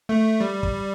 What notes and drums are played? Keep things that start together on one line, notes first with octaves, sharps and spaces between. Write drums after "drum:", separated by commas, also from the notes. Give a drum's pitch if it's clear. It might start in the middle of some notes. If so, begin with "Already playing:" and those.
A3
G3
drum: kick